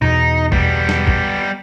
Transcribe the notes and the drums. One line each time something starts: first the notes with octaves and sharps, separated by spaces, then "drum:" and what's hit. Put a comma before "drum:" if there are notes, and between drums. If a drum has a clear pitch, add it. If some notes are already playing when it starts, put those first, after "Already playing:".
E2 B2 D#4
G3 B3, drum: kick
drum: snare
drum: kick